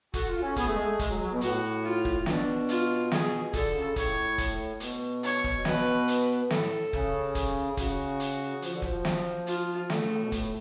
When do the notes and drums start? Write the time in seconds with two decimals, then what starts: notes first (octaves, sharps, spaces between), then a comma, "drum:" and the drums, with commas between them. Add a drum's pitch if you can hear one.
0.14 F#4 A4, drum: kick, hi-hat
0.28 F4
0.42 C#4
0.56 B3 G#4, drum: kick, hi-hat
0.66 A3
0.75 G#3
0.84 A3
0.99 G#3, drum: kick, hi-hat
1.09 F#3
1.20 F#3
1.31 B2
1.41 A2 F#4, drum: hi-hat
1.84 F4
2.05 drum: kick
2.26 B2 D4, drum: snare
2.69 F4, drum: hi-hat
3.12 G#4, drum: snare
3.53 D3 A4, drum: kick, hi-hat
3.74 C#3
3.96 A2 C#5, drum: kick, hi-hat
4.38 drum: kick, hi-hat
4.80 B2, drum: hi-hat
5.23 C#5, drum: hi-hat
5.44 drum: kick
5.65 B2 B4, drum: snare
6.08 drum: hi-hat
6.50 A2 A4, drum: snare
6.93 C#3, drum: kick
7.35 drum: kick, hi-hat
7.77 C#3 F#4, drum: kick, hi-hat
8.20 drum: hi-hat
8.62 F3, drum: hi-hat
8.72 D3
8.82 F3, drum: kick
9.05 drum: snare
9.47 F4, drum: hi-hat
9.90 D3 A3, drum: snare
10.00 C#3
10.11 A2
10.22 B2
10.32 A2, drum: kick, hi-hat